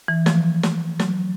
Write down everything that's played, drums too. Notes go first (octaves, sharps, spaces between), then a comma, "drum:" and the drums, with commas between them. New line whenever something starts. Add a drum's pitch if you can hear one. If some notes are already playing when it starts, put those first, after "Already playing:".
E3
F3, drum: snare
drum: snare
F#3, drum: snare